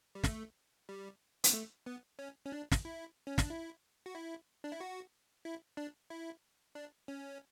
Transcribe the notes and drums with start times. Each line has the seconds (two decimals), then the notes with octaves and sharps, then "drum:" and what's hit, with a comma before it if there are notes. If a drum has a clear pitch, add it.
0.15 G3
0.24 A3, drum: snare
0.89 G3
1.44 B3, drum: hi-hat
1.53 A3
1.86 B3
2.19 C#4
2.45 C#4
2.52 D4
2.72 drum: snare
2.85 E4
3.27 C#4
3.38 D4, drum: snare
3.50 E4
4.06 F#4
4.15 E4
4.64 D4
4.72 E4
4.80 F#4
5.45 E4
5.77 D4
6.10 E4
6.75 D4
7.08 C#4